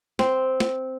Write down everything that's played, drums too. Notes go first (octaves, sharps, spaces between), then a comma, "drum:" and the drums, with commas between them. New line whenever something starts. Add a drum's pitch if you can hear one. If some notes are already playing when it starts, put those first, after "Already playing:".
C4, drum: snare
drum: snare